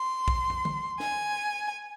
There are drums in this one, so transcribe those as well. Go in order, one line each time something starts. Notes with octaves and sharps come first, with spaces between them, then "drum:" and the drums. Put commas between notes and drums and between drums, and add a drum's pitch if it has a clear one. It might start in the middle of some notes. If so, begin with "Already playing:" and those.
Already playing: C6
drum: kick
drum: tom
drum: tom
G#5, drum: snare